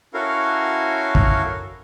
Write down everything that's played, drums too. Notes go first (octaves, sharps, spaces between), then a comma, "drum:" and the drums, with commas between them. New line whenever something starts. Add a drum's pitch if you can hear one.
C#4 E4 F#4 A4 A#4 F5
drum: kick